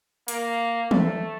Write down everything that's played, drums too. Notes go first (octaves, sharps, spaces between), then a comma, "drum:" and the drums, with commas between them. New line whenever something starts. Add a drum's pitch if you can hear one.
A#3, drum: hi-hat
A3, drum: tom